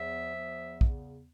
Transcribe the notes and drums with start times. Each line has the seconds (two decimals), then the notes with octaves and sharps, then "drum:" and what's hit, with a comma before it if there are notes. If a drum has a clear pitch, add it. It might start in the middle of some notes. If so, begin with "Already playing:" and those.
Already playing: E2 F3 E5
0.34 E2
0.81 C#3, drum: kick